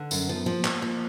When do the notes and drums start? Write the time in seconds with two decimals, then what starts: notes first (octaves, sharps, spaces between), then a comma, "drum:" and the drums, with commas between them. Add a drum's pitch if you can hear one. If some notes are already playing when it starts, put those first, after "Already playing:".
Already playing: D3
0.11 F#2 C#4, drum: tambourine
0.29 F3 B3
0.46 F3 A#3
0.58 B3
0.65 F3 A#3, drum: clap
0.82 F3